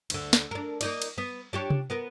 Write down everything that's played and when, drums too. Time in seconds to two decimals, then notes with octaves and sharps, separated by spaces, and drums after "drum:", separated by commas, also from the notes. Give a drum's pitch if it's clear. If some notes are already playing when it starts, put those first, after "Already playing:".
0.10 D2 D3, drum: cymbal
0.33 drum: snare
0.51 D4 A#4
0.81 A#3 D#4 D5, drum: cymbal
1.02 drum: cymbal
1.18 B3
1.53 D4 G4 C#5
1.70 drum: tom C3
1.90 B3 A#4 B4